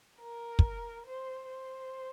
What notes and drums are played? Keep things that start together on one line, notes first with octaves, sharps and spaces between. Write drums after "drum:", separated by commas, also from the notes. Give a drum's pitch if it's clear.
A#4
drum: kick
C5
C5